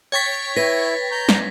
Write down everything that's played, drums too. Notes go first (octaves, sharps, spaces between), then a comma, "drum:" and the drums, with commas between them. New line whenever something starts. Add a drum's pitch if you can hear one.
C#5 G5 C#6 G#6 A6 B6
E4 B4 A#6 B6
A#5 G6
drum: snare